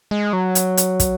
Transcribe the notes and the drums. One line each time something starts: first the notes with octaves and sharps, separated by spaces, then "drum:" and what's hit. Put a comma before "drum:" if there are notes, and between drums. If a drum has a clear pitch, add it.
G#3
F#3
drum: hi-hat
drum: hi-hat
drum: kick, hi-hat